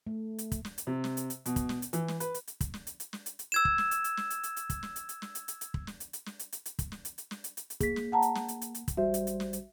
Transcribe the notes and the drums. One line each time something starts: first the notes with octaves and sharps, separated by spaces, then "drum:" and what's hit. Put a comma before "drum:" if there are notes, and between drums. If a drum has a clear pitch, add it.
A3
drum: hi-hat
drum: kick, hi-hat
drum: snare
drum: hi-hat
C3
drum: snare
drum: hi-hat
drum: hi-hat
B2, drum: hi-hat
drum: kick, hi-hat
drum: snare
drum: hi-hat
E3, drum: hi-hat
drum: snare
B4, drum: hi-hat
drum: hi-hat
drum: hi-hat
drum: kick, hi-hat
drum: snare
drum: hi-hat
drum: hi-hat
drum: snare
drum: hi-hat
drum: hi-hat
E6 G#6 E7
drum: kick
drum: snare
drum: hi-hat
drum: hi-hat
drum: snare
drum: hi-hat
drum: hi-hat
drum: hi-hat
drum: kick, hi-hat
drum: snare
drum: hi-hat
drum: hi-hat
drum: snare
drum: hi-hat
drum: hi-hat
drum: hi-hat
drum: kick
drum: snare
drum: hi-hat
drum: hi-hat
drum: snare
drum: hi-hat
drum: hi-hat
drum: hi-hat
drum: kick, hi-hat
drum: snare
drum: hi-hat
drum: hi-hat
drum: snare
drum: hi-hat
drum: hi-hat
drum: hi-hat
A#3 G#4 B6, drum: kick, hi-hat
drum: snare
F#5 A5 A#5
drum: hi-hat
drum: snare
drum: hi-hat
drum: hi-hat
drum: hi-hat
drum: kick, hi-hat
A1 G3 F#4 C5 E5
drum: hi-hat
drum: hi-hat
drum: snare
drum: hi-hat